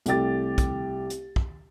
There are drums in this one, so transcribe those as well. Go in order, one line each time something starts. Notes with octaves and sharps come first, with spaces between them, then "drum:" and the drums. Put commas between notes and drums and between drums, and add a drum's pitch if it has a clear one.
C2 A3 G4 A6, drum: hi-hat
drum: kick, hi-hat
drum: hi-hat
drum: kick